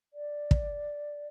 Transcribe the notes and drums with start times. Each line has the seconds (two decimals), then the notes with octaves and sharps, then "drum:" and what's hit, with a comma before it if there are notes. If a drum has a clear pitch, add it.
0.14 D5
0.51 drum: kick